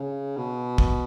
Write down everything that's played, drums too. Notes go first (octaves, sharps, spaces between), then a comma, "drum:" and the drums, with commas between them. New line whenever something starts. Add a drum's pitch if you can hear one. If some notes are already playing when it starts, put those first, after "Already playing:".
Already playing: C#3
B2
drum: kick